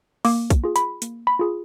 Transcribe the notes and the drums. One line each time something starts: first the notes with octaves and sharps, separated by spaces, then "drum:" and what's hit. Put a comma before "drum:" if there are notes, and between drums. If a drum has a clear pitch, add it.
A#3 D6, drum: open hi-hat
drum: kick, hi-hat
F4 G#4
B5, drum: hi-hat
A#3, drum: hi-hat
B5
F4 G#4